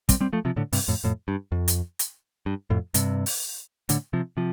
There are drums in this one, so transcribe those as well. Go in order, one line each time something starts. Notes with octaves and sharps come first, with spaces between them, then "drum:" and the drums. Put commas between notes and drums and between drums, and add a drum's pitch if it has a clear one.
G3 C4, drum: kick, hi-hat
G3 C4
F3 A3
C3 F3
A2 D3
G2 C3, drum: open hi-hat
F2 A2
F2 A2
G2
F2
drum: hi-hat
drum: hi-hat
G2
F2 A2
G2 C3, drum: hi-hat
drum: open hi-hat
A2 D3, drum: hi-hat
C3 F3
C3 F3